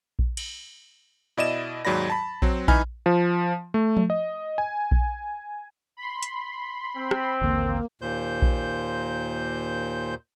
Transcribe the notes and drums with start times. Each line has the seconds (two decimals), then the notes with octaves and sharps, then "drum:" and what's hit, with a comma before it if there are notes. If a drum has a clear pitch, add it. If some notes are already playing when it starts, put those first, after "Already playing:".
0.19 drum: kick A#1
0.37 drum: cymbal
1.37 B2 E4 D5 D#5 D#7 E7
1.85 D#2 G#2 F#3 D5 B5 A#6
2.10 A5 B5
2.42 F#3 C4, drum: kick A#1
2.68 E3 D#4 G#5 B5 F6 G#6, drum: kick A#1
3.06 F3
3.74 A3
3.97 drum: tom F3
4.10 D#5
4.58 G#5
4.91 drum: kick A#1
5.97 B5 C6
6.23 drum: hi-hat
6.97 C4
7.11 drum: rim click
7.41 A1 D#2 D3 A#3
8.02 D#2 A#2 C5 G6
8.42 drum: kick A#1